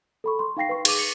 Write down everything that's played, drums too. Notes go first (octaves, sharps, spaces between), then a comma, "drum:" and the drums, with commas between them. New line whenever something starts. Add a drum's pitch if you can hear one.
A4 B5 C#6
C6
D#4 F5 G5 A#6 C7
B4 C#6
G#4 B4 D6 D#7, drum: cymbal
C#7